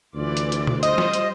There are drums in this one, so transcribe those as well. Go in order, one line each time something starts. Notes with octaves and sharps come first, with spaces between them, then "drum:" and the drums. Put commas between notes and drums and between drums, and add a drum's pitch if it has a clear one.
D2 E3 F4 D5
drum: hi-hat
drum: hi-hat
drum: tom
G3 F4 C5 D#5, drum: hi-hat
drum: snare
drum: hi-hat